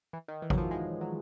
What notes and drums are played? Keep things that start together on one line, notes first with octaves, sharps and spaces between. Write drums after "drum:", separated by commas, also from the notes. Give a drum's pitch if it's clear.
E3
D#3
E3
F#3, drum: kick
F3
G#3
F#3